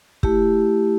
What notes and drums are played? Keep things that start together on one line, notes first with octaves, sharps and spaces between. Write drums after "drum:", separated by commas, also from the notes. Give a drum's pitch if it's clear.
A3 E4 G4, drum: kick